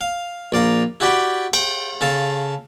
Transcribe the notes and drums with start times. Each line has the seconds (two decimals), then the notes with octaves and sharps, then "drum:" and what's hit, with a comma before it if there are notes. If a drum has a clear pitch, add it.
0.01 F5
0.52 A#1 D5 F5 A#5
1.00 E4 F#4 G4 D5 G5 B5
1.53 G5, drum: cymbal
2.01 C#3 A4 F5 A5